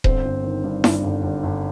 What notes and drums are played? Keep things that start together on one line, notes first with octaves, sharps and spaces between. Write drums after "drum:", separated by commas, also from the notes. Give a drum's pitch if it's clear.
G1 C4 C5, drum: kick D#1
G1
D#3
G2
G2, drum: snare E4
G1
G1
G1